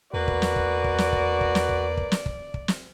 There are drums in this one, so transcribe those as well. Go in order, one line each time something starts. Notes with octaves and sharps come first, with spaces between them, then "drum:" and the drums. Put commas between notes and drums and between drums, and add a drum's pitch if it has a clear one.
E2 A#3 F#4 B4 D5
drum: kick
drum: snare
drum: kick
drum: kick
drum: snare
drum: kick
drum: kick
drum: snare
drum: kick
drum: kick
drum: snare
drum: kick
drum: kick
drum: snare